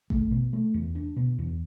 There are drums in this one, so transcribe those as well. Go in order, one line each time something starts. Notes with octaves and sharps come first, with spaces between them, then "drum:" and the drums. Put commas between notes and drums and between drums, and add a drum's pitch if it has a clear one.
A3, drum: kick A1
B2
A3
E2
D4
B2
E2